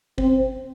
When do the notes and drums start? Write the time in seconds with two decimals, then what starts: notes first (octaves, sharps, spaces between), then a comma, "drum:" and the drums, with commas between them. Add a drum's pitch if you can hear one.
0.18 C4, drum: kick